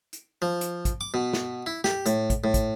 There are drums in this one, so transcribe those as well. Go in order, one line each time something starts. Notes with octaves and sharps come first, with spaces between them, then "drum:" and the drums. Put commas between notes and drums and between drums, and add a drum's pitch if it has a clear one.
drum: hi-hat
F3
drum: hi-hat
drum: kick, hi-hat
D6
B2
drum: snare
E4
G4, drum: snare
A2, drum: hi-hat
drum: kick, hi-hat
A2
drum: kick, hi-hat